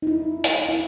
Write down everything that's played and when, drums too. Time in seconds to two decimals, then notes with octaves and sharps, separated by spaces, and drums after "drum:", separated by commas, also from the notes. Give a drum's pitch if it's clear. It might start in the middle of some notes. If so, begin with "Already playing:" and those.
0.02 D#4
0.07 E4
0.44 drum: hi-hat
0.69 E4